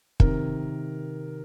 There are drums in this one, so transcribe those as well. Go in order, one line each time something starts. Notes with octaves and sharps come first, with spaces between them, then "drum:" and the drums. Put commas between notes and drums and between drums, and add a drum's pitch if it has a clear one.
C3 D#3 A#4, drum: kick